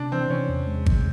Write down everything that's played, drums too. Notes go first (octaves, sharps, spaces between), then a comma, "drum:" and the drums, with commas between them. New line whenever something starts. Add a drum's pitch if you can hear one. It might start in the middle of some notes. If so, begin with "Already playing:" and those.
Already playing: C3 D4
E3 C4
C3 C#4
E2
G#3
C3, drum: kick G#1